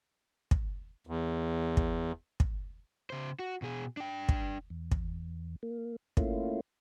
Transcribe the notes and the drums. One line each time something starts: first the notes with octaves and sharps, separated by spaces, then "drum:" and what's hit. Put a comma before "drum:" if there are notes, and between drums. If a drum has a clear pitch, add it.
drum: kick
E2
drum: kick
drum: kick
C#3 C5
F#4
B2 G#4
D4 G5
drum: kick
E2
drum: kick
A#3
A3 A#3 C#4 E4 F4, drum: kick